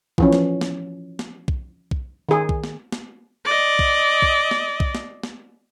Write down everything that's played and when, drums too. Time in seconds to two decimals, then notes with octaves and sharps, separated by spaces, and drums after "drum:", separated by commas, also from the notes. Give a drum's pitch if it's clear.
0.18 E3 F3 C#4, drum: kick B1
0.33 drum: snare
0.61 drum: snare
1.19 drum: snare
1.48 drum: kick B1
1.91 drum: kick B1
2.29 D#3 G#4
2.49 drum: kick B1
2.64 drum: snare
2.92 drum: snare
3.45 D5 D#5
3.79 drum: kick B1
4.22 drum: kick B1
4.51 drum: snare
4.80 drum: kick B1
4.95 drum: snare
5.23 drum: snare